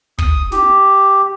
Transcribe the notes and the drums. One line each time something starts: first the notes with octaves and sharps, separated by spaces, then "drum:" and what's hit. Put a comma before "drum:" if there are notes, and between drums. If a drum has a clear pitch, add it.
D#6, drum: kick
G4, drum: snare